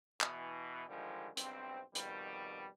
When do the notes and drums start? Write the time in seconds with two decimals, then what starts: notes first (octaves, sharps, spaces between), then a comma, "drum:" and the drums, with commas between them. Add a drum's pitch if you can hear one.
0.21 B2 E3, drum: clap
0.89 D3 D#3 F3 G3 G#3
1.37 B1 G2 C4, drum: hi-hat
1.95 F2 B2 D#3 G3, drum: hi-hat